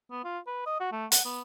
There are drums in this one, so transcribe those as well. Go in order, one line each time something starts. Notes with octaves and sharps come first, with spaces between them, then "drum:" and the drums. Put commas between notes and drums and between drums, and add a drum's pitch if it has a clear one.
B3
F4
B4
D#5
F#4
A3
F#5, drum: hi-hat
B3